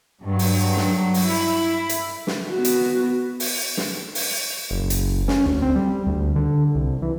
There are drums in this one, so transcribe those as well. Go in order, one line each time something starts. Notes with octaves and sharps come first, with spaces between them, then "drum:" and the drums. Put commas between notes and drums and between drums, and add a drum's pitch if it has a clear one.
G2 F#3
drum: open hi-hat
drum: snare
drum: open hi-hat
E4
drum: hi-hat
drum: snare
B3 F#4
drum: hi-hat
drum: open hi-hat
drum: snare
drum: open hi-hat
F#1
drum: hi-hat
C#4, drum: snare
D2
C4
G3
D2
D3
C2
E3